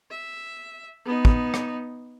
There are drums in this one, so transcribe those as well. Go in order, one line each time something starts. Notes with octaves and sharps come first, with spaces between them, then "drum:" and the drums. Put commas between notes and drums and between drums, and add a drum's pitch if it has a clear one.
E5
B3 D#4
drum: kick
drum: rim click